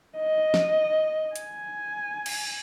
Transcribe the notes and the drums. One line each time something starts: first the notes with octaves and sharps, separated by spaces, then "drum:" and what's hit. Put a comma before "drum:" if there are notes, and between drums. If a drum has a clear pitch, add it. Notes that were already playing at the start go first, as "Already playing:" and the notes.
D#5
drum: snare
G#5, drum: hi-hat
drum: cymbal